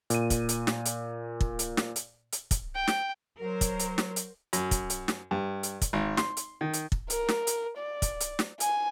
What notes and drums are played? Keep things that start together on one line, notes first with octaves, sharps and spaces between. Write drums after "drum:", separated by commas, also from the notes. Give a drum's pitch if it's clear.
A#2 D#7, drum: hi-hat
drum: kick, hi-hat
drum: hi-hat
drum: snare
drum: hi-hat
drum: kick
drum: hi-hat
drum: snare
drum: hi-hat
drum: hi-hat
drum: kick, hi-hat
G5
drum: snare
F#3 A#4 C5
drum: kick, hi-hat
drum: hi-hat
drum: snare
drum: hi-hat
F#2, drum: hi-hat
drum: kick, hi-hat
drum: hi-hat
drum: snare
G2
drum: hi-hat
drum: kick, hi-hat
G#1
C6, drum: snare
drum: hi-hat
D#3
drum: hi-hat
drum: kick
A#4, drum: hi-hat
drum: snare
drum: hi-hat
D5
drum: kick, hi-hat
drum: hi-hat
drum: snare
G#5, drum: hi-hat